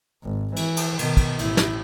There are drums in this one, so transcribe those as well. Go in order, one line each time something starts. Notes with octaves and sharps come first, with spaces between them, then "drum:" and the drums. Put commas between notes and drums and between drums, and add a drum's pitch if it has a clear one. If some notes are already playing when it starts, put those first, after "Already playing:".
G#1
E3, drum: cymbal
drum: cymbal
B2 D#3, drum: cymbal
drum: kick, cymbal
A1 E4, drum: cymbal
drum: snare